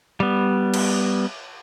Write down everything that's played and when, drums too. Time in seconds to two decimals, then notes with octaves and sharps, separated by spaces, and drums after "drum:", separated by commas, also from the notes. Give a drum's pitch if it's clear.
0.20 G3 B3
0.74 drum: cymbal